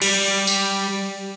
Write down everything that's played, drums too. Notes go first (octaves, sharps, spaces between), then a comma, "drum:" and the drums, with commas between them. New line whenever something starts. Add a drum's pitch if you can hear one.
G3, drum: cymbal
drum: tambourine